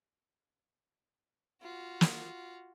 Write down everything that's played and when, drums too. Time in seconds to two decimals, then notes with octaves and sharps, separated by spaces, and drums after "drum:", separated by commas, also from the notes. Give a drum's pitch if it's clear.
1.63 F4 F#4
2.01 drum: snare